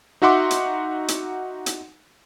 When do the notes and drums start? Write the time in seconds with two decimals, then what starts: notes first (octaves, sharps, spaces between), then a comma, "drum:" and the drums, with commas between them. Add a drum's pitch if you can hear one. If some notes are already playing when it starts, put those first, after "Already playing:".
0.22 D#4 F#4 E5 F#5 C6 D6
0.51 drum: hi-hat
1.08 drum: hi-hat
1.66 drum: hi-hat